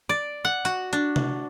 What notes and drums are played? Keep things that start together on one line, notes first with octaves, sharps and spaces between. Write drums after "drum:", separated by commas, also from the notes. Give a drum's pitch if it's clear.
D5
F#5
F#4, drum: hi-hat
D4, drum: hi-hat
drum: tom C3